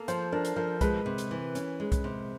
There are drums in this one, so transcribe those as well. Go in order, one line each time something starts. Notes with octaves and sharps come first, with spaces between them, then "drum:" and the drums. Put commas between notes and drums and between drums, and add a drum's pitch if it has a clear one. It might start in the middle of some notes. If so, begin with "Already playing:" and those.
Already playing: A#3 A4
F3 C5, drum: hi-hat
D4 A#4
drum: hi-hat
F3 A#4
G#3 B4, drum: kick, hi-hat
C3
drum: hi-hat
E3
C#4, drum: hi-hat
G#3
drum: kick, hi-hat
C3